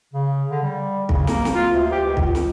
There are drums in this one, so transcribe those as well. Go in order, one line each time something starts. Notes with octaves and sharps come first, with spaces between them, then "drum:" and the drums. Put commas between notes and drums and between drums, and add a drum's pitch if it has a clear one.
C#3
D3
G3
C#3, drum: kick
A#3, drum: snare
drum: snare
F4
D2
G4
C#2
drum: kick
drum: snare